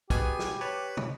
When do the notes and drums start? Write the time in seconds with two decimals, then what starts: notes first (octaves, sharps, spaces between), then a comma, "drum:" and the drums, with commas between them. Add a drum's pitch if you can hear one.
0.10 B2 B3 G4 G#4 G#5, drum: kick, hi-hat
0.39 drum: snare
0.61 B4 C#5 A5
0.97 drum: tom